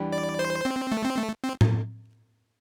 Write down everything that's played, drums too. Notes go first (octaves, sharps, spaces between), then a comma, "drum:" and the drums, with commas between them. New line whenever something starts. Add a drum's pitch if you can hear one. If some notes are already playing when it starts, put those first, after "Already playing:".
Already playing: E2 E3 G3 D4 G4
D5
C5
C4
A3
C4
A3
C4
drum: tom A2